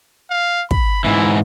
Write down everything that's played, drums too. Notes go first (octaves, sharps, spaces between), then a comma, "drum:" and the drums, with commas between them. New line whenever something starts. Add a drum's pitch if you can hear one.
F5
B5, drum: kick
G#2 E3 E4